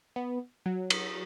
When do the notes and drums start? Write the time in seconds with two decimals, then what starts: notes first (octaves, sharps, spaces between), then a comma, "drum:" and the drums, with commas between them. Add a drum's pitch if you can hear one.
0.16 B3
0.66 F#3
0.90 drum: cymbal